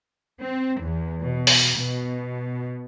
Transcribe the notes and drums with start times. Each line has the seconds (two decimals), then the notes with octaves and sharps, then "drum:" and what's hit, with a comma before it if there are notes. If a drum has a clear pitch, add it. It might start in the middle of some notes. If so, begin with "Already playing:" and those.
0.39 C4
0.81 E2
1.22 B2
1.47 drum: open hi-hat
1.77 B2